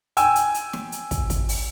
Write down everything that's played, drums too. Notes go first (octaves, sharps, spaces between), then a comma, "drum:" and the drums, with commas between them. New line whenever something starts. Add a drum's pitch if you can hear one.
G5 G#5 E6, drum: hi-hat
drum: hi-hat
drum: hi-hat
drum: snare
drum: hi-hat
drum: kick, hi-hat
drum: kick, hi-hat
drum: open hi-hat